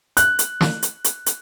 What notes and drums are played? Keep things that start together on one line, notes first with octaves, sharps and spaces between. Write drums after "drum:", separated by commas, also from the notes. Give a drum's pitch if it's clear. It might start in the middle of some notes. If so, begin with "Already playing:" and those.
F#6, drum: hi-hat
drum: hi-hat
drum: snare
drum: hi-hat
drum: hi-hat
drum: hi-hat